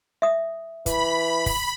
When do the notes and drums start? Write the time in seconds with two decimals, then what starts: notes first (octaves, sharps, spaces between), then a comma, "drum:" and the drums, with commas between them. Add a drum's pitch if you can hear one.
0.22 E5 D#6
0.86 E3 B5, drum: kick, hi-hat
1.46 drum: kick, open hi-hat